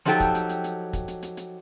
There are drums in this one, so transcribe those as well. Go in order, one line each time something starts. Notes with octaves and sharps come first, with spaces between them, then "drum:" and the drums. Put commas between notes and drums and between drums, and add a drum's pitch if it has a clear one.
F3 F#3 D#4 G4 A4 G5, drum: hi-hat
drum: kick, hi-hat
drum: hi-hat
drum: hi-hat
drum: hi-hat
drum: kick, hi-hat
drum: hi-hat
drum: hi-hat
drum: hi-hat